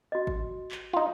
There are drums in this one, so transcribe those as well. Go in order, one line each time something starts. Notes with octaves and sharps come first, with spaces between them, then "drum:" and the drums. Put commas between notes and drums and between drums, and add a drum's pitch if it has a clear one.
F#4 D#5
drum: kick G#1
drum: clap
D#4 F4